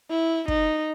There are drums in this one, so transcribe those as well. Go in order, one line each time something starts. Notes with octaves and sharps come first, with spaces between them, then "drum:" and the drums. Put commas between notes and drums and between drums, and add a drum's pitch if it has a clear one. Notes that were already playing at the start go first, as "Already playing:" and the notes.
E4
D#4, drum: kick